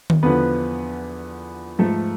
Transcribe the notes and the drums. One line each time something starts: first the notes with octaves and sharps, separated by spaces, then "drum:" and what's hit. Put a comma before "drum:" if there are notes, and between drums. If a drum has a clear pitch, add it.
drum: tom D#3
E2 D3 F3 B3 B4
G#2 F3 A3 A4